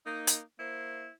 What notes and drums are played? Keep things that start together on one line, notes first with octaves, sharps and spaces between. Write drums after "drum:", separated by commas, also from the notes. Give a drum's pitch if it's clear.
A#3 D#4
drum: hi-hat
A#3 E4 C5